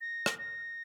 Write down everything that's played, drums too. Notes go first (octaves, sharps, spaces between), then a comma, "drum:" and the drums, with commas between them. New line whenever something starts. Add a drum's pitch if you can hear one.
A#6
drum: rim click
A#6